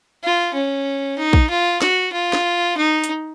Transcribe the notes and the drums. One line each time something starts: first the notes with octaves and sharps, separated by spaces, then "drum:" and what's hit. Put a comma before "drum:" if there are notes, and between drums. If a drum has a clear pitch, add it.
F4
C#4
D#4
drum: kick
F4
F#4, drum: snare
F4
drum: snare
D#4
drum: hi-hat